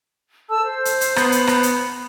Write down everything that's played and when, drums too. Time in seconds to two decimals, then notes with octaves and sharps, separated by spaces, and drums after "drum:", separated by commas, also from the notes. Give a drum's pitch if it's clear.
0.49 A4 A5 E6
0.63 C5
0.85 drum: hi-hat
1.01 drum: hi-hat
1.16 B3, drum: rim click
1.32 drum: hi-hat
1.47 drum: rim click
1.63 drum: hi-hat